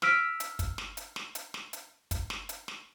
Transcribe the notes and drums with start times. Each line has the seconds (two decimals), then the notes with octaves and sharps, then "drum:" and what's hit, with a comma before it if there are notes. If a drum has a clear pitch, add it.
0.02 E6 F6 B6 D7, drum: snare
0.40 drum: hi-hat
0.59 drum: kick, hi-hat
0.78 drum: snare
0.97 drum: hi-hat
1.16 drum: snare
1.35 drum: hi-hat
1.54 drum: snare
1.73 drum: hi-hat
2.11 drum: kick, hi-hat
2.30 drum: snare
2.49 drum: hi-hat
2.68 drum: snare